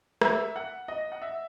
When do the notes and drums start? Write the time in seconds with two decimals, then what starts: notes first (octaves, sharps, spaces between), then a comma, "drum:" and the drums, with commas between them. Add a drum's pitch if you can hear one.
0.21 E5, drum: rim click
0.56 F#5
0.88 D#5
1.12 F#5
1.21 E5